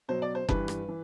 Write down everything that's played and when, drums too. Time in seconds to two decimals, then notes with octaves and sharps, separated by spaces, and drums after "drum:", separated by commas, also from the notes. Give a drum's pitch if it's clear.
0.09 B2 F#3 C5
0.22 D5
0.35 C5
0.49 G2 E3 G3 B4, drum: kick F#1
0.68 drum: rim click
0.88 E3